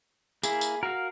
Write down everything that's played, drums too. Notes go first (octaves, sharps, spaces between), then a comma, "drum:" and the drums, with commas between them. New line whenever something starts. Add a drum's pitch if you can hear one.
A#3 E4 G#4, drum: tambourine
drum: tambourine
F#4 A#4 F5